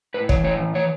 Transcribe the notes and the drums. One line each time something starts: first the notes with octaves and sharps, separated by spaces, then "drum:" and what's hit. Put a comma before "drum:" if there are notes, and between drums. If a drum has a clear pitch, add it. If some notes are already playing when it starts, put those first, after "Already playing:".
A2 B4
E3 C#5, drum: kick
A2 C#5
E3
E3 C#5